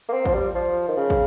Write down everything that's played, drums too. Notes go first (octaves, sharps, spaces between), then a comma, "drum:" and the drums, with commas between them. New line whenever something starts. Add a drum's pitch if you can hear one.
A#3
C4
F3, drum: kick
G3
F3
D#3
C#3
drum: kick